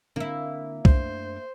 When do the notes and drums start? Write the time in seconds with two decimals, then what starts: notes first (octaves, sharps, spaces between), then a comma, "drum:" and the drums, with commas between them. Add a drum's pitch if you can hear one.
0.16 D3 A#3 C4 D4 E4
0.85 F#2 A3 D4 C5, drum: kick C2